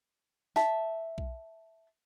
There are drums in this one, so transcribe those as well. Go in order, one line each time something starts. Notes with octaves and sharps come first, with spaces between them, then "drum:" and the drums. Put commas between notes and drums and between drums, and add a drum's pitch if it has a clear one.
E5 A5, drum: snare
drum: kick B1